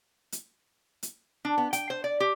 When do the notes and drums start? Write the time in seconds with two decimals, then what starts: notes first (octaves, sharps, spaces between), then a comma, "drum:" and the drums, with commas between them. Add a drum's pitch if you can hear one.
0.32 drum: hi-hat
1.03 drum: hi-hat
1.45 D4
1.58 B3
1.73 G5, drum: hi-hat
1.90 C5
2.04 D5
2.20 G4